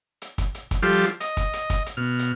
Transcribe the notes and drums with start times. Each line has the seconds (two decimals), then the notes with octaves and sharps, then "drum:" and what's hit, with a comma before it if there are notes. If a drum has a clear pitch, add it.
0.22 drum: hi-hat
0.38 drum: kick, hi-hat
0.55 drum: hi-hat
0.71 drum: kick, hi-hat
0.83 F3 G3 F4 G4 A4
1.04 drum: hi-hat
1.20 D#5, drum: hi-hat
1.37 drum: kick, hi-hat
1.53 drum: hi-hat
1.70 drum: kick, hi-hat
1.86 drum: hi-hat
1.97 B2 F6
2.19 drum: hi-hat